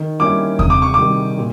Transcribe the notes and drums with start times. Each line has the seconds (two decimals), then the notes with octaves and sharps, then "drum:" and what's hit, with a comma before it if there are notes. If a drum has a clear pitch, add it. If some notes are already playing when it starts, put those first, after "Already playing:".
Already playing: D#3
0.19 G3 A#3 C#4 E4 D6
0.59 C3 D#6, drum: kick D#2
0.70 D6
0.82 C#6
0.94 D#3 G3 D6
1.38 A#2